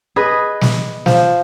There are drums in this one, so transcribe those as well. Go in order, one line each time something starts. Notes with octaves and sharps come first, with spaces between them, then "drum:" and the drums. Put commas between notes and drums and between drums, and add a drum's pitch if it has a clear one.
G#4 B4 D#5
drum: snare
F3, drum: snare